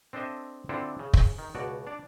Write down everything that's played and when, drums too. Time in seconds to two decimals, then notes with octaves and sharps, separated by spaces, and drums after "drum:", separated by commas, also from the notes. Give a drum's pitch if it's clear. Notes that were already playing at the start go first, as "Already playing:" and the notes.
0.13 C4 D4 A4 C5 D#5 E5
0.69 D3 C4 D4 E4 F4 A4
0.99 C#3
1.14 drum: kick
1.39 D#3
1.55 C#2 B2 F#4 D5
1.87 D4 D5